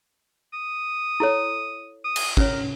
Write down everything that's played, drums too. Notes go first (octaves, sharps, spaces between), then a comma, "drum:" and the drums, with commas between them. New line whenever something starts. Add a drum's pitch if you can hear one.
D#6
E4 A4 C#5
D#6
drum: cymbal
C#4 A#4 C#5, drum: kick